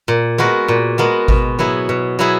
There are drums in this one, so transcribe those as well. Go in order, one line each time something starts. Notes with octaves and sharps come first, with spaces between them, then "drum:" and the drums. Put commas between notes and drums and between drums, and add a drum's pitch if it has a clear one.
A#2
G#3 B3 F#4 A#4
A#2
G#3 B3 F#4 A#4
B2, drum: kick G#1
F#3 B3 E4 G#4
B2
F#3 B3 E4 G#4